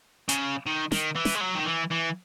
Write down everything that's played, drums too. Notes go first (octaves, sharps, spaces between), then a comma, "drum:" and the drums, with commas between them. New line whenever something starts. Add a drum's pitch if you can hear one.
C#3, drum: hi-hat
D#3
D#3, drum: snare
E3
drum: snare
G#3
F#3
D#3
E3
E3